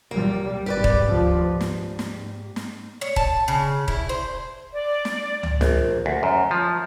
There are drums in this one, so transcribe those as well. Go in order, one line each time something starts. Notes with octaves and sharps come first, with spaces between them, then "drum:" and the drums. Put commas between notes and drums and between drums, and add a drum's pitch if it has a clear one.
G3 A#3
G#1 G4 B4 D5
drum: kick D#1
D2 F3
G#2
drum: snare
drum: snare
drum: snare
C#5
A5, drum: kick D#1
C#3
E4, drum: kick D#1
C5
D5
drum: snare
drum: tom C#2
A#1, drum: snare
D2
F#2
F3